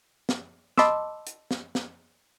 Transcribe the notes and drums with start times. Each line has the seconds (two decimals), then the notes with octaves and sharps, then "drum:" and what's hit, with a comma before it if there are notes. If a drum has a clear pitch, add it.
0.29 drum: snare
0.78 D#5 A5 B5 C6 D6 E6, drum: snare
1.26 drum: hi-hat
1.51 drum: snare
1.75 drum: snare